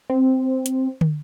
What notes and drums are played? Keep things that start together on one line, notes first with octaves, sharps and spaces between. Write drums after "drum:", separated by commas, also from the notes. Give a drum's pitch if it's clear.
C4
drum: hi-hat
drum: tom